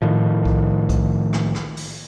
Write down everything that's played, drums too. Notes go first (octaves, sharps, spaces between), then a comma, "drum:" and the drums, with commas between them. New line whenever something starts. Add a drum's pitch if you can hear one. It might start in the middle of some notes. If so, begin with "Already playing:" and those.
A2 D#3 F3
drum: kick B1
drum: kick B1, hi-hat
drum: rim click
drum: rim click
drum: open hi-hat